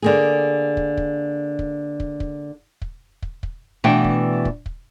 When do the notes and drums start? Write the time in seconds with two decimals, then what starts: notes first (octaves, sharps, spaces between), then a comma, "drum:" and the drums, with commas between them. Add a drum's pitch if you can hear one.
0.02 D3 A#3 G#4
0.77 drum: kick
0.97 drum: kick
1.59 drum: kick
2.00 drum: kick
2.20 drum: kick
2.82 drum: kick
3.22 drum: kick
3.43 drum: kick
3.84 B2 E3 A3 D4 F#5 G5
4.04 drum: kick
4.45 drum: kick
4.66 drum: kick